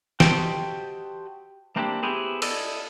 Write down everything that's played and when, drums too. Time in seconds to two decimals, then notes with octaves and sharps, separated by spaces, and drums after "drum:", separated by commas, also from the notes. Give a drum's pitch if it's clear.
0.20 F#4 G4 A4 C5 D#5 G5, drum: snare
1.76 A3 A#3 C4 D4 E4 G4
2.03 B3 E4 G4 G#4 B4 C5
2.42 E4 A4 D5 D#5, drum: cymbal